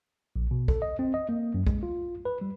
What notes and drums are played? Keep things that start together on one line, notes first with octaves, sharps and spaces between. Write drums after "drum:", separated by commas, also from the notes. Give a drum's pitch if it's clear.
A#1
B2
A4, drum: kick
D#5
C4
D#5
A#3
F#2
G#3, drum: kick
F4
B4
G3